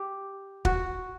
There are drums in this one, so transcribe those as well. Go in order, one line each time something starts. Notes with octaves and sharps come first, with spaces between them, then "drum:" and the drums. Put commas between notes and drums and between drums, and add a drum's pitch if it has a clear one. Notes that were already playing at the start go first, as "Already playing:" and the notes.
Already playing: G4
F#4, drum: kick